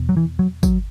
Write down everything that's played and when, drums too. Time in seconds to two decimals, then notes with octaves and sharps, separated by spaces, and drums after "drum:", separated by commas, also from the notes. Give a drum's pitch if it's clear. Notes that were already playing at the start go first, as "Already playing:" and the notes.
Already playing: E2 B2
0.09 F#3
0.17 E3
0.39 F#3
0.63 F#3, drum: kick, tambourine